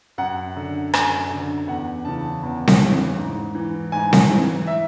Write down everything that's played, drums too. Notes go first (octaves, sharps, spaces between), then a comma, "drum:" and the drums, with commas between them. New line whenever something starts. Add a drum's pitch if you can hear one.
F#2 F#5
D3
F#2 G#5, drum: rim click
D3
E2 F#5
C#3 E3 A5
E2
drum: snare C4
C#3 E3
G#2
E3
G#2 G#5
drum: snare C4
E3
E5